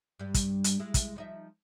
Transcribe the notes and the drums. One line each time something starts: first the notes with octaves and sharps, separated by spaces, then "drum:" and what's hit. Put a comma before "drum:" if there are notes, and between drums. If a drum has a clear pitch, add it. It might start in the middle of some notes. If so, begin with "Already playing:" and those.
G2 G3
drum: kick, hi-hat
drum: hi-hat
G#3 E4
drum: kick, hi-hat
F3 D#4 E5